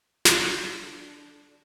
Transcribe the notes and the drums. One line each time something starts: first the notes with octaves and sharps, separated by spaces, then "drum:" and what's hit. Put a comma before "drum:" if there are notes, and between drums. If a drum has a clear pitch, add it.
drum: snare
D3 D4